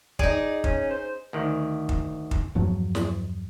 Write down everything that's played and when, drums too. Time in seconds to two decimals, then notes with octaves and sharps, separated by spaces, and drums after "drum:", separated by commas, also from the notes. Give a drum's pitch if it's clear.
0.19 D#4 G#4 D5, drum: kick
0.64 C#4, drum: kick
0.90 C5
1.33 D2 D#3
1.89 drum: kick
2.31 drum: kick
2.55 E2 G2 F3 F#3
2.95 drum: snare